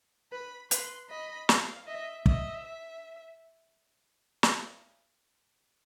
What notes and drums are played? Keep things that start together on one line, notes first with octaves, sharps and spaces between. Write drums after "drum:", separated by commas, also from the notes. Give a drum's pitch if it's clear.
B4 B5
B4 C6, drum: hi-hat
D#5 B5
F5, drum: snare
D#5 E5
D#5 E5, drum: kick
E5
drum: snare